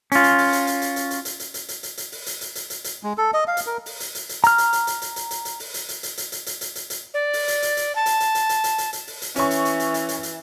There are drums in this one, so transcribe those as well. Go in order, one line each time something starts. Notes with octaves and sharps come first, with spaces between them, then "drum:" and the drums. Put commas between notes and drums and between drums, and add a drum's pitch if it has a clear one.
C#4 F4, drum: hi-hat
drum: hi-hat
drum: open hi-hat
drum: hi-hat
drum: hi-hat
drum: hi-hat
drum: hi-hat
drum: hi-hat
drum: hi-hat
drum: hi-hat
drum: hi-hat
drum: hi-hat
drum: hi-hat
drum: hi-hat
drum: open hi-hat
drum: hi-hat
drum: hi-hat
drum: hi-hat
drum: hi-hat
drum: hi-hat
G#3
A4
D#5
F5
drum: hi-hat
A#4
drum: open hi-hat
drum: hi-hat
drum: hi-hat
drum: hi-hat
A#5 F6, drum: hi-hat
drum: hi-hat
drum: hi-hat
drum: hi-hat
drum: hi-hat
drum: hi-hat
drum: hi-hat
drum: hi-hat
drum: open hi-hat
drum: hi-hat
drum: hi-hat
drum: hi-hat
drum: hi-hat
drum: hi-hat
drum: hi-hat
drum: hi-hat
drum: hi-hat
drum: hi-hat
D5
drum: open hi-hat
drum: hi-hat
drum: hi-hat
drum: hi-hat
A5
drum: hi-hat
drum: hi-hat
drum: hi-hat
drum: hi-hat
drum: hi-hat
drum: hi-hat
drum: hi-hat
drum: open hi-hat
drum: hi-hat
E3 C#4 C#6, drum: hi-hat
drum: hi-hat
drum: hi-hat
drum: hi-hat
drum: hi-hat
drum: hi-hat
drum: hi-hat